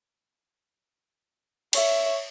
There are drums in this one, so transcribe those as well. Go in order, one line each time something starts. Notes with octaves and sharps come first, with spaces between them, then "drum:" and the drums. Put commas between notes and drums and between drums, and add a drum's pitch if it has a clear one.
C#5 E5, drum: cymbal